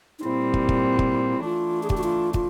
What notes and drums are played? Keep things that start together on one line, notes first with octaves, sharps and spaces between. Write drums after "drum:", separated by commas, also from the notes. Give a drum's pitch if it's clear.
D#4
A#2 G3 C4 E4
drum: kick
drum: kick
drum: kick
E3 A3 D4 F4
G#4
G4, drum: kick
F#4
F4
F4, drum: kick